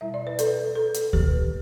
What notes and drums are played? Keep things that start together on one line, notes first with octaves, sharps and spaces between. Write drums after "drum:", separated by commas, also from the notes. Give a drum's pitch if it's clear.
B2 G3 E4 E5
D5
B4
A4 D5, drum: hi-hat
B4
A4
drum: hi-hat
G4 B4, drum: kick D2